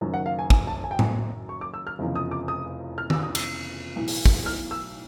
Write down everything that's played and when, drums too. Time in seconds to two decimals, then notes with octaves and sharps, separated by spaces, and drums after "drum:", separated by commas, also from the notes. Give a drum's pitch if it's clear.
0.01 F#1 F#2 D#3 F#3
0.14 F#5
0.26 F5
0.39 G#5
0.50 G#5, drum: kick
0.67 A5
0.84 G#5
0.91 G5
0.99 G#5, drum: tom A2
1.49 C#6
1.61 D6
1.74 E6
1.87 F6
1.99 F1 E2 C#3 F3
2.16 D#6
2.31 D6
2.48 D#6
2.98 F6
3.10 E6, drum: tom D#3
3.23 D#6
3.35 E6, drum: cymbal
3.96 B1 A2 E3
4.08 drum: open hi-hat
4.26 drum: kick
4.46 F6
4.71 E6